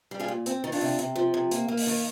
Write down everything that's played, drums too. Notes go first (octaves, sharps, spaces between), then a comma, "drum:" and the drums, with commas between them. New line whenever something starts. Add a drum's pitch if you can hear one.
G3
F4 G#4
A#2
C4, drum: hi-hat
D#3 D#4
D4 F4, drum: open hi-hat
C3
C3, drum: hi-hat
F3
C3
A#3, drum: hi-hat
A#3
drum: open hi-hat
D#3